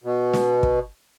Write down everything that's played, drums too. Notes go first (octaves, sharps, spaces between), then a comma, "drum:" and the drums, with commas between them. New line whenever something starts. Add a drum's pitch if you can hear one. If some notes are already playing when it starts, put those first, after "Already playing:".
B2
drum: snare
drum: kick